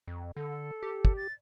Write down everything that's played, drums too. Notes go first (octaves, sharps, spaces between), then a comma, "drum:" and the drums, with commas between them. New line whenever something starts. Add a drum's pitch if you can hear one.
F2
D3 A4
G4
drum: kick
A6